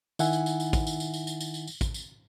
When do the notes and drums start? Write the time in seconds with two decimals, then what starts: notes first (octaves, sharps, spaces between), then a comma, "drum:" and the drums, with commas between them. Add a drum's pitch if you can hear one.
0.19 D#3 D#4 E4 E5 F#5 G#5, drum: tambourine
0.33 drum: tambourine
0.46 drum: tambourine
0.60 drum: tambourine
0.73 drum: kick, tambourine
0.87 drum: tambourine
1.00 drum: tambourine
1.14 drum: tambourine
1.27 drum: tambourine
1.41 drum: tambourine
1.54 drum: tambourine
1.67 drum: tambourine
1.81 drum: kick, tambourine
1.94 drum: tambourine